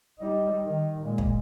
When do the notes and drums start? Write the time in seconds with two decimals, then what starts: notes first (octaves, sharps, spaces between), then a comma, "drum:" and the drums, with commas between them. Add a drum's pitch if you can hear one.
0.19 G3 D#4
0.64 D#3
1.01 A#2 G#3
1.18 drum: kick